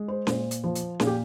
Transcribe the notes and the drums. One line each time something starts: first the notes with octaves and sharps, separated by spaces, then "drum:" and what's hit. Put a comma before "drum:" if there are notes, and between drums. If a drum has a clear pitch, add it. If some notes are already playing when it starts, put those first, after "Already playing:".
Already playing: G#3
C5
A#2 C5, drum: snare C#4
drum: hi-hat
F3 C5
drum: hi-hat
A#2 G#4, drum: snare C#4
G4